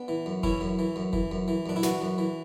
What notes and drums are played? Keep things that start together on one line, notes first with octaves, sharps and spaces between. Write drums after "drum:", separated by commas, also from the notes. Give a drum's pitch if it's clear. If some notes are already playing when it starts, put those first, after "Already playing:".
Already playing: B3 D4
E3
F#2
E3 C#4 E4, drum: kick F1
F#2
E3
F#2
E3, drum: kick F1
F#2
E3
F#2 D4
E4
E3 D4 F#4, drum: snare
F#2
E3